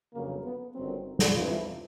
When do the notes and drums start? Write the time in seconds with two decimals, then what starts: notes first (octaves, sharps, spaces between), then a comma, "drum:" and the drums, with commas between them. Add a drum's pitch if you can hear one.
0.13 G1 F2 C#3 F#3 A#3
0.44 B3
0.75 G1 F#2 D#3 F#3 C4
1.19 drum: snare
1.35 G1 F2 C3 E3 F4